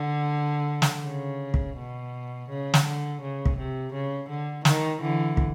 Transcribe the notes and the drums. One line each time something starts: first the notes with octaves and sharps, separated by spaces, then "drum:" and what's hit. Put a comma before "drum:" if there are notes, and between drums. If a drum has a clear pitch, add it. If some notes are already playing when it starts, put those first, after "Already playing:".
Already playing: D3
drum: snare
C#3
drum: kick
B2
C#3
drum: snare
D3
C#3
drum: kick
C3
C#3
D3
D#3, drum: snare
D3 E3
drum: kick